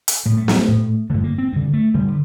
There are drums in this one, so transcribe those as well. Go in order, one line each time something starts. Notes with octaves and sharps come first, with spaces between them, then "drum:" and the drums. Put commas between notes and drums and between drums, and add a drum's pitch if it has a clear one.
drum: hi-hat
A2 A#3
A3
G3, drum: snare
A3
A2
G2 D3 A3
A#3
C4
G2 D3
A3
G2 D3 G3
D3